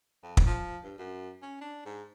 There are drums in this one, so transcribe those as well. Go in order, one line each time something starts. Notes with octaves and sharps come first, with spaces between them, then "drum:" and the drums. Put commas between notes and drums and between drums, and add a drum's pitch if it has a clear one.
F2
drum: kick
F3
G2
F#2
C#4
D4
G#2